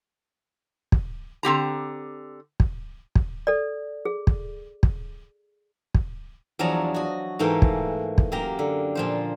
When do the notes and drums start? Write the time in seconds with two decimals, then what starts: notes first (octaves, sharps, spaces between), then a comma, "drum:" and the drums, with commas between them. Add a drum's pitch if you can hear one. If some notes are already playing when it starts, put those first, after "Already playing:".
0.92 drum: kick
1.43 D3 C4 G4 A#5
2.60 drum: kick
3.15 drum: kick
3.47 A4 D5
4.05 G#4
4.27 drum: kick
4.83 drum: kick
5.95 drum: kick
6.59 E2 F3 F#3 D4 C#5 A#5
6.94 F#4 D#5
7.39 G#2 E3 A3 A#3 G5
7.62 drum: kick
8.18 drum: kick
8.32 F#2 A#3 G4 A#5
8.59 D3
8.95 A#2 F3 C5